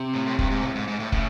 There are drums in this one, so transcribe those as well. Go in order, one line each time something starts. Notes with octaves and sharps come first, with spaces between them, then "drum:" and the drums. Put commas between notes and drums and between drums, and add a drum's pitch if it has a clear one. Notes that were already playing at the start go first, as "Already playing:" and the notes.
Already playing: C3
A2
A2
G2, drum: kick
G#2
A2
G#2
G#2
A2
A2 C#3, drum: kick